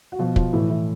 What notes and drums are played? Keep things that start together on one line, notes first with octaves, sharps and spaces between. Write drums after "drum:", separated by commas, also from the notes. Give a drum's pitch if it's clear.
F#4
B2 F3 F4
F3 F4, drum: kick
A2 E3 E4
E3